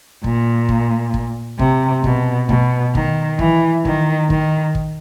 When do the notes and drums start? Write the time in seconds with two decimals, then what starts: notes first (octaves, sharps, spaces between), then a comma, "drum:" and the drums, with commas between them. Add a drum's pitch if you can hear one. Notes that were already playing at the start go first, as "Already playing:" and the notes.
0.24 A#2, drum: kick
0.69 drum: kick
1.14 drum: kick
1.59 C3, drum: kick
2.04 B2, drum: kick
2.49 B2, drum: kick
2.95 D#3, drum: kick
3.39 E3, drum: kick
3.85 D#3, drum: kick
4.30 D#3, drum: kick
4.75 drum: kick